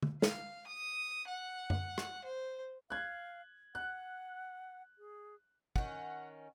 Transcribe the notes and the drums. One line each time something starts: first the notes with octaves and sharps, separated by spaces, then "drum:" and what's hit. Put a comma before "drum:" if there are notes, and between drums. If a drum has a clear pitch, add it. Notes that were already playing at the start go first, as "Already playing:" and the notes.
drum: tom
F5, drum: snare
D#6
F#5
drum: tom F#2
drum: rim click
C5
F5 F#6 G#6
F#5 F#6
G#4
D#3 C#4 F#5, drum: kick